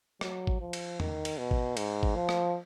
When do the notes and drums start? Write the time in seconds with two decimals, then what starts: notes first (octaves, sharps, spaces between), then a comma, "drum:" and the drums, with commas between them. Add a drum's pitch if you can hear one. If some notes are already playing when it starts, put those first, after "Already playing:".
0.21 F#3, drum: rim click
0.47 drum: kick
0.61 F3
0.73 drum: cymbal
1.00 D#3, drum: tom E2
1.25 drum: cymbal
1.38 B2
1.51 drum: kick
1.77 G#2, drum: cymbal
2.03 drum: kick
2.16 F3
2.29 drum: rim click